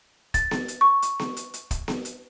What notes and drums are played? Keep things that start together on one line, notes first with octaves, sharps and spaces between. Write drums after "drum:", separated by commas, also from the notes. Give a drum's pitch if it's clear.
A6, drum: kick, hi-hat
drum: snare B3
drum: hi-hat
C#6
drum: hi-hat
drum: snare B3
drum: hi-hat
drum: hi-hat
drum: kick, hi-hat
drum: snare B3
drum: hi-hat